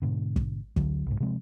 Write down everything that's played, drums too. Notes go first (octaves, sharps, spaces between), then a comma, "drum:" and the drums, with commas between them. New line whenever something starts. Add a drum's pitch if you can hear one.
G#2 B2 D3
drum: kick
D2 D3 F#3, drum: kick
C2 G#2
C3 F3 G#3 C4